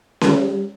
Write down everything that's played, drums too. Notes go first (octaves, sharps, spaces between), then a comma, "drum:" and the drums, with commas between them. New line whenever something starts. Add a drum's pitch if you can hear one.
G3, drum: snare C#4